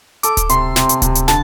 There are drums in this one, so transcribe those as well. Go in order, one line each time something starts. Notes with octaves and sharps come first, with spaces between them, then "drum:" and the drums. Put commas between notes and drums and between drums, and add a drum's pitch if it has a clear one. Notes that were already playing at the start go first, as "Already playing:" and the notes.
A4 D6, drum: hi-hat
drum: kick D1, hi-hat
C3 C6, drum: hi-hat
C3, drum: snare
drum: hi-hat
C3, drum: kick D1, hi-hat
drum: hi-hat
D3 A5, drum: snare